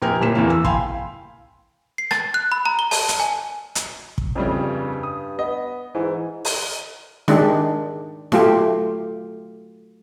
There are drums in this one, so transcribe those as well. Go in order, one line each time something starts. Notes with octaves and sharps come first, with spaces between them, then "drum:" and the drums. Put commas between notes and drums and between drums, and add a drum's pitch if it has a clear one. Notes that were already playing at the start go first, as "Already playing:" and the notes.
A#1 G4 A#4 G5 G#5
G1 A#2 B6 E7
E2 E3 A#3
E6
F5 G5 G#5 B5 C6, drum: kick
C7
A6, drum: rim click
F#6
B5
A#5
G7
A5, drum: open hi-hat
drum: hi-hat
G#5
drum: hi-hat
drum: kick
F2 A2 C#3 G3
G2
D#6
B3 D#5
G#2 E3
drum: open hi-hat
D#3 G#3 D4 D#4 G4, drum: snare
F#3 A3 F4 G4, drum: snare